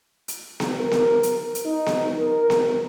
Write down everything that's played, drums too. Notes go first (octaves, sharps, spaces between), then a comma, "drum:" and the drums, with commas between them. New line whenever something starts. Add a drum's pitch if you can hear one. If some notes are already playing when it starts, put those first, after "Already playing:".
drum: hi-hat
drum: snare B3
A#4
drum: snare B3
drum: hi-hat
drum: hi-hat
D#4
drum: snare B3
A#4
drum: snare B3